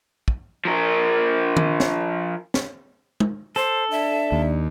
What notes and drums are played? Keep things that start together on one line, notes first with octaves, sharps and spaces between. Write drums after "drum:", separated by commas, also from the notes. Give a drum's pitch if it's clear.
drum: kick
F3 A#4
drum: tom
drum: snare
drum: snare
drum: tom
A4 C5
D4 E5
D#2